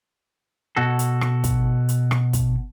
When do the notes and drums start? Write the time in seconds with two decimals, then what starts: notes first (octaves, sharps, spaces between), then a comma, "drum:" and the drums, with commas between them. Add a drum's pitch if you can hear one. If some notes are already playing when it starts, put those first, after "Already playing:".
0.76 B2 F#4 A4
0.99 drum: hi-hat
1.21 drum: rim click
1.44 drum: kick, hi-hat
1.89 drum: hi-hat
2.11 drum: rim click
2.33 drum: kick, hi-hat